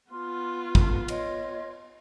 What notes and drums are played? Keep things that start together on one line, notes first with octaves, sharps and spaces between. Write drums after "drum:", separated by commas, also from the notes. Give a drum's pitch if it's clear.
B3 F4 C6 F6
drum: kick
C#5 D#5 C6, drum: cymbal